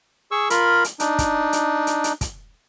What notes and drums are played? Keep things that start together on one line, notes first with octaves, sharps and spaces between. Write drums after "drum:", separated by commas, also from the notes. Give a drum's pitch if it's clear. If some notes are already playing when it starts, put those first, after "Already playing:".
G#4 C#6 E6
F4 A#4 B5, drum: hi-hat
drum: hi-hat
D4 D#4, drum: hi-hat
drum: kick, hi-hat
drum: hi-hat
drum: hi-hat
drum: hi-hat
drum: kick, hi-hat